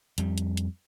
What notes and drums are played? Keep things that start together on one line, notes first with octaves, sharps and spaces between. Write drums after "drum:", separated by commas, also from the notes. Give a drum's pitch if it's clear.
F2 G3, drum: hi-hat
drum: hi-hat
drum: hi-hat